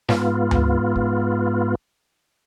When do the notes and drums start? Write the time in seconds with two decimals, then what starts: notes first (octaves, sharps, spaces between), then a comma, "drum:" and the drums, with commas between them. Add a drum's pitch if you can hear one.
0.09 G#2 B3 F4, drum: snare
0.51 drum: tom D2
0.96 drum: kick